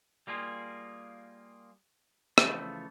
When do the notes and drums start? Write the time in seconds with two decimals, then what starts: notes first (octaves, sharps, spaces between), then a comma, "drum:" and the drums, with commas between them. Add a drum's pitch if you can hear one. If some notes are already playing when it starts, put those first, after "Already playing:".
0.27 G3 A#3 F4 G#4
2.38 C#3 E3 F3 A3, drum: rim click